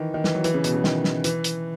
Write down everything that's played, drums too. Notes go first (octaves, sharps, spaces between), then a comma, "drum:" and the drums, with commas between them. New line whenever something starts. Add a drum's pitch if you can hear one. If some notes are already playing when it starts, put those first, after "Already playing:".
Already playing: D#3 E3
D#3
E3, drum: snare
F#3
E3, drum: hi-hat
C#3
B2, drum: hi-hat
C#3
D#3, drum: snare
drum: snare
E3, drum: hi-hat
drum: hi-hat